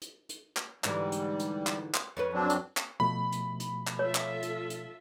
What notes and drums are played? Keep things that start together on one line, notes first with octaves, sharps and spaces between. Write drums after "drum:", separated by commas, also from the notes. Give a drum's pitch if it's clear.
drum: hi-hat
drum: hi-hat
drum: clap
G#2 D3 E3 G3, drum: clap
drum: hi-hat
drum: hi-hat
drum: clap
drum: clap
F2 C#4 B4
F#3 C4 D4
drum: hi-hat
drum: clap
B2 F3 A3 B5
drum: hi-hat
drum: hi-hat
drum: clap
F4 A4 C#5 E5
drum: clap
drum: hi-hat
drum: hi-hat